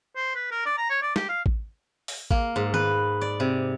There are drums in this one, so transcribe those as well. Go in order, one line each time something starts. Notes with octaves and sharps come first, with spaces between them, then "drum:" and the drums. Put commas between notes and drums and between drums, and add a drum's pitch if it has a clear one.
C5
B4
A#4
D5
A#5
C#5
D5
G4, drum: snare
F5
drum: kick A1
drum: open hi-hat
A#3, drum: kick A1
G#2
B4, drum: tom D#3
D5
C3